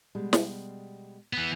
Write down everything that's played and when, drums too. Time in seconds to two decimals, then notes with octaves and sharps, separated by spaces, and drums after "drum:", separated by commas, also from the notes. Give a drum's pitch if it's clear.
0.15 B2 G3 G#3
0.33 drum: snare
1.33 E3 B3